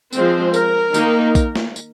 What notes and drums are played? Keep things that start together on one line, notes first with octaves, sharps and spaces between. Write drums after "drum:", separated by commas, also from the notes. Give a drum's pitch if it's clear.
F3 G#3 C4 C5, drum: tambourine
A#4, drum: tambourine
D#3 A#3 D#4, drum: tambourine
drum: kick A#1, tambourine
drum: snare
drum: tambourine